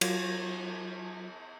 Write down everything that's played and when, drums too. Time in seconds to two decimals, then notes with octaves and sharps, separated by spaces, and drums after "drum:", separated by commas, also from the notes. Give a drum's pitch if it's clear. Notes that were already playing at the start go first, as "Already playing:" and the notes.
0.01 F#3 F4, drum: cymbal